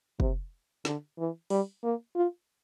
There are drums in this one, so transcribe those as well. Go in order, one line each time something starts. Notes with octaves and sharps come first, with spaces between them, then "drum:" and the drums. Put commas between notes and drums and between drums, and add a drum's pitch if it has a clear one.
C3, drum: kick
D3, drum: snare
E3
G3, drum: open hi-hat
A#3
F4